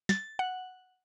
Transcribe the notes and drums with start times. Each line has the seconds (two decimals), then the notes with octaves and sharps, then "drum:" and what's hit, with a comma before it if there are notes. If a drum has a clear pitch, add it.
0.09 A6, drum: snare
0.39 F#5